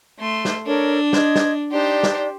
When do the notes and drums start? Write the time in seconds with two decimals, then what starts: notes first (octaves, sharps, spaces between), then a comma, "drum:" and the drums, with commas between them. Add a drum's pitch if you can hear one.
0.19 A3 C6
0.45 drum: snare
0.67 D4 A4 A#4 C#5
1.13 D#5 C6 G#6, drum: snare
1.35 drum: snare
1.72 D4 D#4 G4 C5 D5
2.03 drum: snare